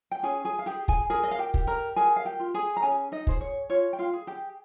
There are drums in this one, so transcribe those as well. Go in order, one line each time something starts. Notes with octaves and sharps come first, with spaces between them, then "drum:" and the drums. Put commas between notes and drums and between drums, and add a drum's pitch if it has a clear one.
G5
C#4 G#4 G#5
G#4 G#5
F5
G4 G#4 G5
G#4 G#5, drum: kick
G#4 A#4 G#5
D#5
F5
G4 G5
G4, drum: kick
A#4 A#5
G#4 A#4 G#5
F5
G4 G5
F4
G#4 G#5
A#5
C#4 G#4 G#5
D#4 D#5
G#4 C5, drum: kick
C#5
F4 C#5
G5
F4 F5
G#4
G4 G5